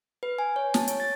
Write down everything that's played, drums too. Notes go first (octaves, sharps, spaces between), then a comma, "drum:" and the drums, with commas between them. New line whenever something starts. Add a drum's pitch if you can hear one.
B4
G#5
C#5
A5, drum: snare
C#5, drum: hi-hat
A6